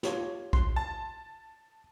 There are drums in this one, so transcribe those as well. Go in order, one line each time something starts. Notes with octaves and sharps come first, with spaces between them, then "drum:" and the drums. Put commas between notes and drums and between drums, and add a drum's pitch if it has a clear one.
F4 G4 C#5, drum: snare
C6, drum: kick A#1
A5